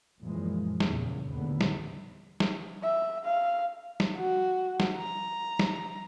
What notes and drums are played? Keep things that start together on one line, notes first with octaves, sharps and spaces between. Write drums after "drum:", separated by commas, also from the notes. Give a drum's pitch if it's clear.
F#2 A#2 E3 F3 G#3
E2 A#2 C#3, drum: snare G3
D#2 A2 D3 B3
drum: snare G3
drum: snare G3
E5
F5
drum: snare G3
F#4
drum: snare G3
A#5
drum: snare G3